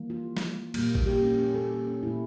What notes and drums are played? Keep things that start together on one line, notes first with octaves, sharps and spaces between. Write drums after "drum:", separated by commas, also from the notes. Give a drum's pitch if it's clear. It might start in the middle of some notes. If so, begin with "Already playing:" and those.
Already playing: E3 G3 A#3
F4
drum: snare
A#2 G3 A#3, drum: cymbal
drum: kick G#1
G4
C#4
C#4
A4
G4
C#4
A#2 A3 E4